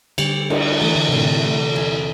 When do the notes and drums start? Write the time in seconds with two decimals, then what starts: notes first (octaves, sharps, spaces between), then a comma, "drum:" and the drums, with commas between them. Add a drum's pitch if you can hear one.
0.18 D3 G3, drum: cymbal
0.50 D4, drum: cymbal
0.80 E3 A3
0.95 D3
1.09 A2 C3
1.23 D3
1.44 A3
1.76 E2